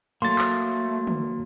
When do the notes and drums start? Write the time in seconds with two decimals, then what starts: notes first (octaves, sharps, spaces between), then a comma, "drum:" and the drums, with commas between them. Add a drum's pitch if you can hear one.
0.22 F#3 A3 A#3 C6 A6
0.38 drum: clap
1.07 drum: tom